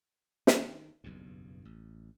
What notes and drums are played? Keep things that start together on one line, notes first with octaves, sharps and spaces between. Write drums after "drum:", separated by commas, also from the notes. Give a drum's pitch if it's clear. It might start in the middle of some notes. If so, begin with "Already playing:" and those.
D#3, drum: snare
F#1 B1 E2 G2
A1